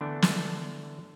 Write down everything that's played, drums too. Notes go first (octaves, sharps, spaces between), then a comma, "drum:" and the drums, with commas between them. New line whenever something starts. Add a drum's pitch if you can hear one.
D3 E3 A3 B3 D4
drum: snare